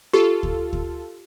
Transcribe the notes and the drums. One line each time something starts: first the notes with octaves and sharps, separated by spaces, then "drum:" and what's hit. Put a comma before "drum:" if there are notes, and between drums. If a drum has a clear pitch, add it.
F4 G4 A4
drum: kick D2
drum: kick D2